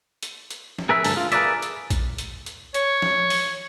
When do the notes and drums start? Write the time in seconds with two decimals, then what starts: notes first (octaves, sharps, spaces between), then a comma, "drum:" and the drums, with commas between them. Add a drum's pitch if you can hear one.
0.23 drum: hi-hat
0.51 drum: hi-hat
0.79 drum: snare
0.89 G#4 A#4 B4 E5
1.04 D2 G2 A4, drum: open hi-hat
1.17 F4
1.32 G#4 A#4 B4 C#5 D5 E5, drum: hi-hat
1.62 drum: hi-hat
1.90 drum: kick A#1, hi-hat
2.18 drum: hi-hat
2.46 drum: hi-hat
2.74 C#5, drum: hi-hat
3.02 drum: snare
3.30 drum: open hi-hat